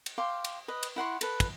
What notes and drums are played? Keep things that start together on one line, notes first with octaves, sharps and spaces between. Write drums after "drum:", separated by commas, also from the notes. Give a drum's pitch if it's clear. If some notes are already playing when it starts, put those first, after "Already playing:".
drum: cymbal
F5 G5 C6 D6
drum: cymbal
B4 D#5
drum: cymbal
E4 F#5 C6 C#6
A4 B4, drum: cymbal
drum: kick, cymbal